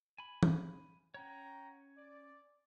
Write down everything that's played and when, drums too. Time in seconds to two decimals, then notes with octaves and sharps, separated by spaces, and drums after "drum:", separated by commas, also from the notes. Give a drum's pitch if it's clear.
0.18 G#5 B5
0.43 drum: tom E3
1.14 C#4 C#5 F#5 G5 A#5
1.97 D5